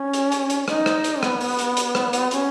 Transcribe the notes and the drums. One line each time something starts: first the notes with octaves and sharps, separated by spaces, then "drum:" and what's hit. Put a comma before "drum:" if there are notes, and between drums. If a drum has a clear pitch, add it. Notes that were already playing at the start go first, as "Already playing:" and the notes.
Already playing: C#4
drum: hi-hat
drum: hi-hat
drum: hi-hat
D#4, drum: rim click
drum: rim click
drum: hi-hat
B3, drum: rim click
drum: open hi-hat
drum: hi-hat
drum: hi-hat
drum: rim click
drum: hi-hat
C#4, drum: hi-hat